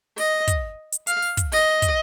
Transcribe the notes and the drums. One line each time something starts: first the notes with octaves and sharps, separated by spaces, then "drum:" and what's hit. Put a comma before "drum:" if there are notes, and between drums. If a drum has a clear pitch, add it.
D#5, drum: open hi-hat
drum: kick, hi-hat
drum: hi-hat
F5, drum: hi-hat
drum: open hi-hat
drum: kick, hi-hat
D#5, drum: open hi-hat
drum: kick, hi-hat